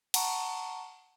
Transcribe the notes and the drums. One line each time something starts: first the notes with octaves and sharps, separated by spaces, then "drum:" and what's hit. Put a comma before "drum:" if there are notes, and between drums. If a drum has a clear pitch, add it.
F#5 A5 A#5 C#6, drum: cymbal